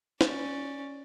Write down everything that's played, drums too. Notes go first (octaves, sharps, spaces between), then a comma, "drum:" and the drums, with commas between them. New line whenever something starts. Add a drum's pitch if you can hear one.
C#4 D5, drum: snare